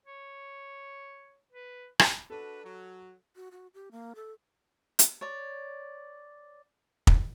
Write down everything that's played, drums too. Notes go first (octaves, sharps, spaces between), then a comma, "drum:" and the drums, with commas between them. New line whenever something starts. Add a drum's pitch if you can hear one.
C#5
B4
drum: rim click
D4 F#4 A4 B4
F#3
F#4
F#4
G4
A#3
A4
drum: hi-hat
C#5 D5
drum: kick